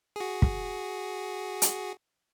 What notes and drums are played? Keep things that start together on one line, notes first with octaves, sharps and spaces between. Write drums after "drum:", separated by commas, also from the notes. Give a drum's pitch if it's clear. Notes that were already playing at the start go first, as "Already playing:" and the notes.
F#4 G#4
drum: kick
drum: hi-hat